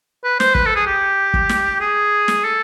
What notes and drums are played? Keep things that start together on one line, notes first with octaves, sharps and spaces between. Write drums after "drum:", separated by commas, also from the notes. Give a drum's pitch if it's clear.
B4
C5, drum: snare
B4, drum: kick
A4
G#4
G4
drum: kick
drum: snare
G#4
drum: snare
A4